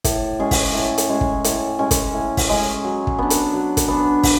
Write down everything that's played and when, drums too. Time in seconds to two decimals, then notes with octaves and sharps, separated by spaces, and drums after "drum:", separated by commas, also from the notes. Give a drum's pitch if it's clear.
0.04 A2, drum: kick, hi-hat
0.39 G#3 C#4 G#4
0.51 drum: kick, open hi-hat
0.74 A2
0.98 drum: hi-hat
1.09 G#3 C#4 G#4
1.21 drum: kick
1.44 A2, drum: hi-hat
1.79 G#3 C#4 G#4
1.91 drum: kick, hi-hat
2.14 A2
2.37 drum: kick, open hi-hat
2.49 G#3 C#4 G#4
2.84 F#3
3.07 drum: kick
3.18 B3 D4
3.30 drum: hi-hat
3.54 F#3
3.77 drum: kick, hi-hat
3.88 B3 D4
4.23 drum: kick, open hi-hat